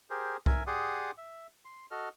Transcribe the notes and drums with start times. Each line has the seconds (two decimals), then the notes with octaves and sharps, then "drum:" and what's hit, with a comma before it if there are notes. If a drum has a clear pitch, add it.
0.10 G4 G#4 A#4 C5
0.46 A#4 E5 G#5, drum: kick C2
0.67 G4 G#4 D5 F#5 C6 D#6
1.18 E5
1.65 C6
1.91 F#4 A4 D#5 F6